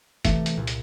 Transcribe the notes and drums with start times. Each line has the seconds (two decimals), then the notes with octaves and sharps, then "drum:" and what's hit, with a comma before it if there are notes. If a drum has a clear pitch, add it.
0.25 C3 E3 A3, drum: kick F#1, hi-hat
0.46 drum: hi-hat
0.57 C2 A#2
0.67 drum: hi-hat